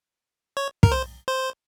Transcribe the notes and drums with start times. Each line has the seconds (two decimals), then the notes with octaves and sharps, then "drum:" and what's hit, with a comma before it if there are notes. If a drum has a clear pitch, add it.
0.57 C#5
0.83 A#4, drum: kick
0.92 C5
1.28 C5